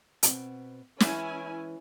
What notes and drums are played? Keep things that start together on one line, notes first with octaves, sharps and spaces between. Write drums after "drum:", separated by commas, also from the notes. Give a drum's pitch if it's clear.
B2 C4, drum: hi-hat
E3 G#3 C#4 E4 G#5, drum: snare